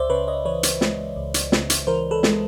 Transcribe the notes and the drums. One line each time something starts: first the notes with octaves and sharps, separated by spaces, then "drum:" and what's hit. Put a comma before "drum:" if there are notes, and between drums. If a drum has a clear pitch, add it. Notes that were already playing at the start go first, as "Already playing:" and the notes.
Already playing: C#2 C5 D5 E5
C#3 B4 C#5
C#5 D#5
E3 B4 C#5
drum: hi-hat
G#3, drum: snare
C#2
drum: hi-hat
C#3, drum: snare
drum: hi-hat
E3 A#4 C5
A4 B4
G#3, drum: snare